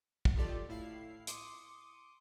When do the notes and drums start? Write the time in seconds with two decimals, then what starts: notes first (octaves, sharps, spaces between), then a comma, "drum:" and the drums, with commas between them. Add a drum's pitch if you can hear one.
0.25 drum: kick
0.36 D#3 F4 G4 A4 D5
0.69 A2 E4 F5 C7
1.27 C6 D6 D#6 C#7, drum: hi-hat